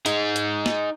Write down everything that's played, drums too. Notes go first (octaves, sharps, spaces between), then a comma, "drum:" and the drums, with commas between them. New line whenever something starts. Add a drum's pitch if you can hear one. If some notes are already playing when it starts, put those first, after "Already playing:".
D#4 G#4, drum: hi-hat
drum: hi-hat
drum: snare